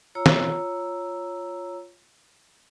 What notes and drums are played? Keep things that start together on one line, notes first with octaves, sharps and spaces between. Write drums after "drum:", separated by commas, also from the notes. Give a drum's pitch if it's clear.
F4 C#5 A#5 E6
drum: snare